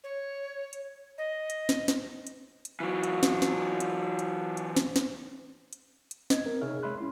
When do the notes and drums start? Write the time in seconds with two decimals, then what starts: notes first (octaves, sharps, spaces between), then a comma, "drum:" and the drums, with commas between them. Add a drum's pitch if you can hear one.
0.04 C#5
0.73 drum: hi-hat
1.18 D#5
1.50 drum: hi-hat
1.69 drum: snare
1.88 drum: snare
2.27 drum: hi-hat
2.65 drum: hi-hat
2.80 E3 F#3
3.03 drum: hi-hat
3.23 drum: snare
3.42 drum: snare
3.80 drum: hi-hat
4.19 drum: hi-hat
4.57 drum: hi-hat
4.76 drum: snare
4.96 drum: snare
5.73 drum: hi-hat
6.11 drum: hi-hat
6.30 D#5 G#6, drum: snare
6.46 C4 A#4
6.61 C3 D#4 G#4 C#5 E5 F6
6.83 G#3 C#5 E5 B5 C6 F#6
6.98 C#4 E4 C6